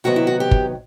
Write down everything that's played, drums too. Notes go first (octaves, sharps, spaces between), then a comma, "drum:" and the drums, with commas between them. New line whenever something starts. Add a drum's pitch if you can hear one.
C3 D#3 F#3 B3 F#4
E4
F#4
G4
drum: kick